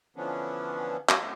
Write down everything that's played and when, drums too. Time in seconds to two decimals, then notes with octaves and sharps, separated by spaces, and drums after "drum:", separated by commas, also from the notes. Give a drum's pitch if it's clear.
0.17 D3 E3 F3 B3 C#4 D4
1.09 drum: clap